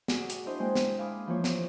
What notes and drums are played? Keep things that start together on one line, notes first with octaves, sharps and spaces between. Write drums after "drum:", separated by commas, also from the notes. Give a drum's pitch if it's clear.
F#4 G#4 A#4 D5, drum: snare
drum: hi-hat
D4 E4 C5 D#5
G#3 A#3 G5 G#5 C6
drum: snare
F5 G#5 B5 D6 D#6
E3 F3 A#3 C#5
drum: snare